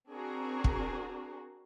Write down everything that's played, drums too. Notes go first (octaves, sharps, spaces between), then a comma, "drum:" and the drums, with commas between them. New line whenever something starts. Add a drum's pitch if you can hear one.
C4 D4 F#4 G#4 A#4
drum: kick